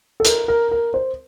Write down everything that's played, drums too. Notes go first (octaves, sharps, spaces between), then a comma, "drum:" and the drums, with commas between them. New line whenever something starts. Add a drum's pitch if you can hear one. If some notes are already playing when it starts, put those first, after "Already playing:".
A4
A#4, drum: hi-hat
A#4
A#4
C5